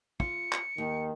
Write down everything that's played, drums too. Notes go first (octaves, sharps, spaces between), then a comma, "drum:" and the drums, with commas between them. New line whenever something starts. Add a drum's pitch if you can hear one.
F4 C#7, drum: kick
drum: clap
D#2 D#3